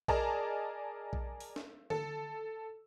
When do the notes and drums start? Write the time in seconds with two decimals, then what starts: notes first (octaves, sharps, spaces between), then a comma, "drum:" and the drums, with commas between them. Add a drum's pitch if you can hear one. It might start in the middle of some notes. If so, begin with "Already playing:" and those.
0.08 G#4 A#4 D5 D#5 A5 A#5, drum: kick A#1
1.13 drum: kick A#1
1.40 drum: open hi-hat
1.56 drum: snare
1.90 A4, drum: tom D3